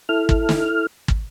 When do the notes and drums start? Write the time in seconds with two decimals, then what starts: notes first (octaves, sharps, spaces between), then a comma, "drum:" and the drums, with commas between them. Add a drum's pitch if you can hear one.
0.09 E4 A4 F6
0.29 drum: kick
0.49 drum: snare
1.08 drum: kick